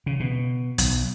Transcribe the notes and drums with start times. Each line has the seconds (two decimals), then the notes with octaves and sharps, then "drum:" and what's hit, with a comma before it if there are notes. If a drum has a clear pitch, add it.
0.06 C#3
0.20 B2
0.78 B1, drum: hi-hat